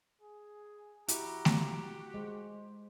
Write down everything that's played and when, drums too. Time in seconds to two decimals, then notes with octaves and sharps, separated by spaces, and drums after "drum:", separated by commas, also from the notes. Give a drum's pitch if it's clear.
0.21 G#4
1.08 E4 F#4 G4 A#5, drum: hi-hat
1.45 drum: snare A3
2.14 G#3 C5